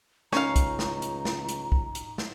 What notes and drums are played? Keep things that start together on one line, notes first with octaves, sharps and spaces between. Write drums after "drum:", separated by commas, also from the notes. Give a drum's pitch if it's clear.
C#2 C#4 D#4 F5 A#5 C#6, drum: snare
drum: kick, hi-hat
drum: snare
drum: hi-hat
drum: snare
drum: hi-hat
drum: kick
drum: hi-hat
drum: snare